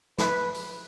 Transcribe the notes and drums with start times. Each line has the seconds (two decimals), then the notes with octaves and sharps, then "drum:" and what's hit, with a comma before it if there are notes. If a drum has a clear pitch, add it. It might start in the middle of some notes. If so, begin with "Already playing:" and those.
0.18 B4, drum: snare
0.54 drum: open hi-hat